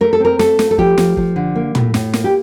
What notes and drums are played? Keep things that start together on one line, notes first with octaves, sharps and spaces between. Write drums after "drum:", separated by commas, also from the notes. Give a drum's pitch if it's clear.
A3 A#4
A4
C4 A#4
A3 A4, drum: snare
A3, drum: snare
A4
F3 G4, drum: kick
F3, drum: snare
F3, drum: kick
D3
A#3
A2, drum: tom
A2, drum: snare
A#3, drum: snare
G4